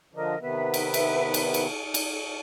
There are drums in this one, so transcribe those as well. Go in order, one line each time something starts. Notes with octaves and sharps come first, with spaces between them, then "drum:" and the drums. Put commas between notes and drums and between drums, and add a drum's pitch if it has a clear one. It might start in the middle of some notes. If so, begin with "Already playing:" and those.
D3 F3 D4 A#4 D#5
C3 D#3 B3 B4 E5
drum: cymbal
drum: cymbal
drum: cymbal
drum: cymbal
drum: cymbal